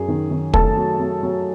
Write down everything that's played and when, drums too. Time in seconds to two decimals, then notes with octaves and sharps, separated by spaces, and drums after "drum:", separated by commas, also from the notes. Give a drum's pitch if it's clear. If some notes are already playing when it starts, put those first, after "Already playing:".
Already playing: F#2 F#3 G#4
0.08 D#3
0.31 D#3
0.54 A3 A4 A5, drum: kick
0.77 F#3
0.99 F#3
1.23 F#3